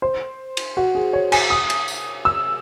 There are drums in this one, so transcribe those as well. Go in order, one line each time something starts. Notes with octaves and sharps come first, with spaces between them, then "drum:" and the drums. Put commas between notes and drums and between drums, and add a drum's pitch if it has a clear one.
C5
drum: cymbal
F#4
G#4
C#5
G#5, drum: cymbal
D#6
drum: cymbal
drum: tambourine
E6